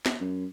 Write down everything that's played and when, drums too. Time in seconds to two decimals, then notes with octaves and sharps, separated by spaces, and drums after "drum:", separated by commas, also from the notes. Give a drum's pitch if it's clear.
0.06 drum: snare
0.21 F#2